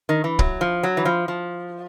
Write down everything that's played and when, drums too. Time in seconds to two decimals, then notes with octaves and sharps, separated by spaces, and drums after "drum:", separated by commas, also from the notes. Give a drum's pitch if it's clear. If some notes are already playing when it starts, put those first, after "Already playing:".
0.09 D#3
0.24 E3
0.39 F#3, drum: kick
0.61 F3
0.83 F#3
0.97 E3
1.05 F3
1.28 F3